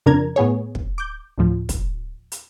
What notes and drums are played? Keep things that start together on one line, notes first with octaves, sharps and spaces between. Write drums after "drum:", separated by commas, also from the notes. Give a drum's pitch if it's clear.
F2 C#3 D4 A#4 A#5 G#6
A2 B3 G#4 C#5
drum: kick
D6 G6
D2 A2 F3
drum: kick, hi-hat
drum: hi-hat